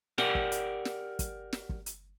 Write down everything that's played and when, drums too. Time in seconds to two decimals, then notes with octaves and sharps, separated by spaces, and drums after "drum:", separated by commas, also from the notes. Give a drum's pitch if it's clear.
0.18 G4 A#4 D5 F#5, drum: snare
0.35 drum: kick
0.52 drum: hi-hat
0.85 drum: snare
1.19 drum: kick, hi-hat
1.53 drum: snare
1.69 drum: kick
1.86 drum: hi-hat